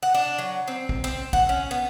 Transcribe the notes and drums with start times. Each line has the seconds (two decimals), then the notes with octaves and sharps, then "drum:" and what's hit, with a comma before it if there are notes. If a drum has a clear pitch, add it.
0.03 F#5
0.14 D4
0.38 F#3
0.68 C4
0.89 drum: kick
1.04 C4
1.33 F#5, drum: kick
1.49 C#4
1.71 B3